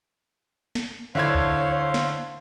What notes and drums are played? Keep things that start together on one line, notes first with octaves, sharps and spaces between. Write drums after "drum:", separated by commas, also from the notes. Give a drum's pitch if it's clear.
drum: snare
D3 E4 C5 C#5 F5 G#6
drum: kick C#2
drum: snare